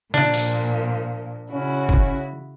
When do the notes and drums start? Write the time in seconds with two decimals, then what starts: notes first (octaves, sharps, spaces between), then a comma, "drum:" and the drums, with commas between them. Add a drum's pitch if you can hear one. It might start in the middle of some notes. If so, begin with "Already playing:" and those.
0.14 A#2 F3 D4, drum: snare
0.34 drum: open hi-hat
1.51 C#3 C#4 E4 F#4
1.89 drum: kick